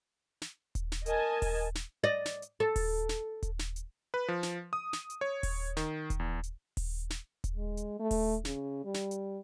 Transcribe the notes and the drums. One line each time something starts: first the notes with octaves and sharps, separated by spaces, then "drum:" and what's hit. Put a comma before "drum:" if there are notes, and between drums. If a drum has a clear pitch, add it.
drum: snare
drum: kick D#1, hi-hat
drum: snare
A#4 D#5 G#5 A5, drum: hi-hat
drum: kick D#1, open hi-hat
drum: snare
D5 D#5
drum: snare
drum: hi-hat
A4
drum: kick D#1, open hi-hat
drum: snare
drum: kick D#1, hi-hat
drum: snare
drum: hi-hat
B4
F3
drum: snare
D#6
drum: snare
drum: hi-hat
C#5
drum: kick D#1, open hi-hat
D#3, drum: snare
drum: kick D#1, hi-hat
E2
drum: hi-hat
drum: kick D#1, open hi-hat
drum: snare
drum: kick D#1, hi-hat
G#3
drum: hi-hat
A3
drum: kick D#1, open hi-hat
C#3, drum: snare
G3
drum: snare
drum: hi-hat